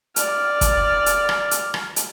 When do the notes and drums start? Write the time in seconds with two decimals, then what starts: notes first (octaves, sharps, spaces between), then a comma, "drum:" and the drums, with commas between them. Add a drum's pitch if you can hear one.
0.16 D5 F6, drum: hi-hat
0.61 drum: kick, hi-hat
1.06 drum: hi-hat
1.29 drum: rim click
1.51 drum: hi-hat
1.74 drum: rim click
1.96 drum: hi-hat